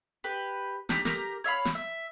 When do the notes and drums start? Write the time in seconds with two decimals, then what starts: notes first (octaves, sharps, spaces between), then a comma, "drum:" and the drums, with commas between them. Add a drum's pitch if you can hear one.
0.24 G4 B4
0.89 D4 D#4 G4, drum: snare
1.05 G4 A#4 A#5, drum: snare
1.44 C#5 E5 F5 B5
1.65 drum: snare
1.75 E5